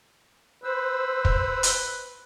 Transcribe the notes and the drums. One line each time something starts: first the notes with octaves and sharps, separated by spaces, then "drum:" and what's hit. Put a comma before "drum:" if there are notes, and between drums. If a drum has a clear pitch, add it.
B4 C5 E6
drum: kick
drum: hi-hat